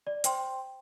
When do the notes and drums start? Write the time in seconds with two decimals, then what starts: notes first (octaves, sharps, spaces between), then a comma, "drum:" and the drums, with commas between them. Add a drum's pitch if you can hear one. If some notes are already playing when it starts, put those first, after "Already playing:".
0.07 D5
0.24 C5 G5 C6, drum: hi-hat